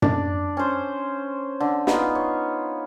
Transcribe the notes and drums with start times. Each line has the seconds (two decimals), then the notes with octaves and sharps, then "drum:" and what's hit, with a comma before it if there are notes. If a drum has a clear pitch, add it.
0.02 D4, drum: tom F#2
0.57 C#4 C5
1.60 D3
1.87 B3 D#4 F4, drum: snare
2.15 C#5